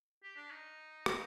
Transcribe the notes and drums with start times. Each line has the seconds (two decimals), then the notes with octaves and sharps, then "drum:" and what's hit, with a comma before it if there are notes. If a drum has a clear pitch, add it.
0.23 G4
0.36 D4
0.51 D#4
1.06 drum: rim click